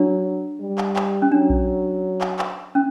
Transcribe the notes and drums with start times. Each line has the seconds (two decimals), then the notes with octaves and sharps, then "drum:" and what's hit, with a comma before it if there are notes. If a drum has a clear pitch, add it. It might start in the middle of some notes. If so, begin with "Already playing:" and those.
Already playing: F#3 D4
0.60 G3
0.78 drum: clap
0.96 drum: clap
1.22 C#4
1.32 F#3 D4
1.50 drum: kick A#1
2.21 drum: clap
2.39 drum: clap
2.75 C#4